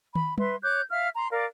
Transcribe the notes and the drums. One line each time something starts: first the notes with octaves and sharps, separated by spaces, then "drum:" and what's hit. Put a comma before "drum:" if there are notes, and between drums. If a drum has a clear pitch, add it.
B5, drum: tom
B4 E5 C6, drum: tom G3
C#5 D6 F#6 G6
E5 F5 F6
A#5 C6
A#4 D5 F5